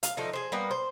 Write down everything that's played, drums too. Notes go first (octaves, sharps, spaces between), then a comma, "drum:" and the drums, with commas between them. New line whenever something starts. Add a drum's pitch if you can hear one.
F5, drum: hi-hat
D3 F3 A3 D#4
G#4 C5
G3 A#3 B3
C5